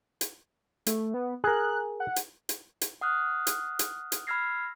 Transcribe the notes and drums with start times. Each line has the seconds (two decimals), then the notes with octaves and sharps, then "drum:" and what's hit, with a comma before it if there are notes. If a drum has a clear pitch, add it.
0.21 drum: hi-hat
0.87 A3, drum: hi-hat
1.14 B3
1.44 G#4 A#4 F#6
2.00 F#5
2.16 drum: hi-hat
2.49 drum: hi-hat
2.81 drum: hi-hat
3.01 F#5 D#6 F6 F#6
3.47 drum: hi-hat
3.79 drum: hi-hat
4.12 drum: hi-hat
4.27 B5 E6 F6 G#6 A#6 C7